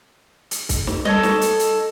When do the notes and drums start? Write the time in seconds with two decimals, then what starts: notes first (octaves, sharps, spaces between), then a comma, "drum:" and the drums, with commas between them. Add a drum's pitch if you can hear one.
0.51 drum: hi-hat
0.69 drum: kick, hi-hat
0.87 drum: snare
1.05 A4 C#5 D#5, drum: tom G3
1.23 drum: snare
1.41 drum: hi-hat
1.59 drum: hi-hat